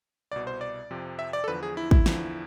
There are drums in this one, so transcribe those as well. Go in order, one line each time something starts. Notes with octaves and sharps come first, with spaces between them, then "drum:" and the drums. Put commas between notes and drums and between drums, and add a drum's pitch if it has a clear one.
C2 B2 D5
C5
D5
F2 C3 F3
E5
D5
A4
E2 D3 F3 B4
G#4
E4
E4, drum: kick
E2 D3 F3, drum: snare